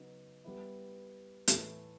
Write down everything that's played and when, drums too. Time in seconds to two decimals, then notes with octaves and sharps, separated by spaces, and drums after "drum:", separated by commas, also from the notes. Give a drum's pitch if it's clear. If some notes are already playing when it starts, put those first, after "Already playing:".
Already playing: C#3 F#3 B3 D#4
0.44 G3 B3 E4
1.48 A2 E3 A3, drum: hi-hat